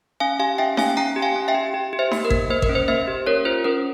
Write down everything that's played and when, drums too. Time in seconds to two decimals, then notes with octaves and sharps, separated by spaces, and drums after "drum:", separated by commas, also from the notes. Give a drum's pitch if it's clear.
0.20 C#4 F5 G#5
0.39 G4 F5 G#5
0.58 C#4 E5 G5
0.77 C#4 F5 G#5, drum: snare D#4
0.97 C#4 G5 A#5
1.16 G4
1.22 F5 G#5
1.36 C#4
1.48 E5 G5
1.55 G4
1.74 G4
1.93 G4
1.99 C5 E5
2.11 A#3, drum: snare D#4
2.25 A#4
2.30 A#3, drum: kick G#1
2.50 A#3 C5
2.62 A#4, drum: kick G#1
2.69 C#4
2.75 C5
2.88 A#3 C5 E5
3.08 G4
3.26 C#4 A#4 C#5
3.45 F4 C5
3.64 C#4 A#4